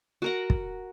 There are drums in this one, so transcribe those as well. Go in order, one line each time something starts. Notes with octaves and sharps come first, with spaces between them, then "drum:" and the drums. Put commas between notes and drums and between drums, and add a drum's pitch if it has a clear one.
F#4 A#4 F#5
drum: kick